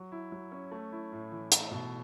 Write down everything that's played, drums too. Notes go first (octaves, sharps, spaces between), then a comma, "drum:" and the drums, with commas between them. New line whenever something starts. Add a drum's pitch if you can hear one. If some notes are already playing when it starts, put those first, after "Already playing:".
Already playing: F#3
E4
F#3
C#4
A3
E4
A2
E3
A3, drum: hi-hat
B2